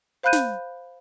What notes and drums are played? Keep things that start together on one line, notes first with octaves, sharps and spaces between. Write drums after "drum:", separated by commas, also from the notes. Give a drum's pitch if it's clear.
C5 F5 B5 F#6 G6 D#7
drum: snare